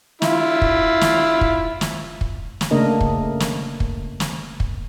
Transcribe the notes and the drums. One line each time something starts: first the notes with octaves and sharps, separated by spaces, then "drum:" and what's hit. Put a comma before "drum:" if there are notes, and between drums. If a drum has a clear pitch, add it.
E4 F4, drum: snare
drum: kick
drum: snare
drum: kick
drum: snare
drum: kick
drum: snare
C#3 A3 A#3 D4 A#4 D#5
drum: kick
drum: snare
drum: kick
drum: snare
drum: kick